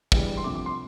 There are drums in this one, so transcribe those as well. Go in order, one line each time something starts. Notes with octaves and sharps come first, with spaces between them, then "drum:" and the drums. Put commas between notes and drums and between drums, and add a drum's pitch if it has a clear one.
F1 E2 E3 G3 D4, drum: kick
C6
D2 C3 F3 D6
D6
C6